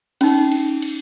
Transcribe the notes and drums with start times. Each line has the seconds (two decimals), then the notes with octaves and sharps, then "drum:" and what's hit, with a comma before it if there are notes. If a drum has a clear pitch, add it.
0.21 C#4 D#4, drum: cymbal
0.52 drum: cymbal
0.82 drum: cymbal